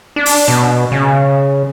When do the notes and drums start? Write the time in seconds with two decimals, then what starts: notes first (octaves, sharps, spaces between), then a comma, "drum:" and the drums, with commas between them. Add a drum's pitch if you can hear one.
0.16 D4
0.26 drum: open hi-hat
0.48 B2
0.92 C#3